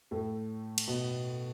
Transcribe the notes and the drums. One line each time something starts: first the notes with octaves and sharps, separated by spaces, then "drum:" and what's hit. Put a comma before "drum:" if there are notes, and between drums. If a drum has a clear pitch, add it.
A2 A3
drum: cymbal
B2 B3